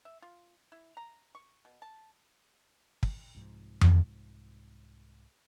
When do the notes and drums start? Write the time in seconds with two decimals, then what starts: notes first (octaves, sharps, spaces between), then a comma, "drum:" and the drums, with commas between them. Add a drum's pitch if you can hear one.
0.05 E5
0.22 F4
0.72 E4
0.97 A#5
1.35 C#6
1.65 B2
1.82 A5
3.03 drum: kick
3.35 C2 G#2 F3
3.81 drum: tom F2